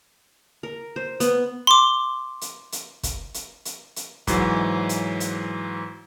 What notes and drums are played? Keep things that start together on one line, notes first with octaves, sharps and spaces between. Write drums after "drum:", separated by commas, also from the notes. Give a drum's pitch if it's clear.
A#4
C5
B3, drum: hi-hat
C6 D6
drum: hi-hat
drum: hi-hat
drum: kick, hi-hat
drum: hi-hat
drum: hi-hat
drum: hi-hat
G#2 E3 F#3, drum: kick, hi-hat
drum: hi-hat
drum: hi-hat